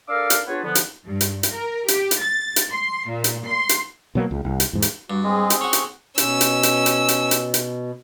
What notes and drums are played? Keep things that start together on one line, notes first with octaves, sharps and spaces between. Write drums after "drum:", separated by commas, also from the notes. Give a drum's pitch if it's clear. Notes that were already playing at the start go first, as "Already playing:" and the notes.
D4 A4 A#4 F5 D6 E6
drum: hi-hat
B3 D4 F4 G#4 B4 C#5
D3 F3 B3
drum: hi-hat
G2
drum: hi-hat
drum: hi-hat
A#4
G4, drum: hi-hat
drum: hi-hat
A6
drum: hi-hat
C6
A#2
drum: hi-hat
C6
drum: hi-hat
B2 F#3 A#3
C#2
C2
drum: hi-hat
E2 G#2
drum: hi-hat
G2 F#4
G#3 C4 G#4
drum: hi-hat
C#4 F#4 C#6
drum: hi-hat
B2 C#4 E6, drum: hi-hat
drum: hi-hat
drum: hi-hat
drum: hi-hat
drum: hi-hat
drum: hi-hat
drum: hi-hat